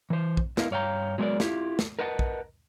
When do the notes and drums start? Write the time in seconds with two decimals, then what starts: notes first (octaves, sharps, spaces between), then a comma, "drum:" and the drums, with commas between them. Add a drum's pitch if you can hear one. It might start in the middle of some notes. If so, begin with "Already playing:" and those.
0.10 E3 C5
0.37 drum: kick A#1
0.57 B3 E4 A#4 D#5 F5, drum: snare
0.71 G2 C#5 F5 G5 A#5
1.18 F#3 G#3 B3 G#4 A#4 D5
1.40 E4 F4 G4, drum: snare
1.79 drum: snare
1.99 A#4 B4 D#5 F#5 G5 A5
2.19 drum: kick A#1